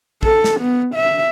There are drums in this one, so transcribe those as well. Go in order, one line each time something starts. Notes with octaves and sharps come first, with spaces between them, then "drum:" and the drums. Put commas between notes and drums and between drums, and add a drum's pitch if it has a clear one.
A4, drum: kick
drum: snare
B3
E5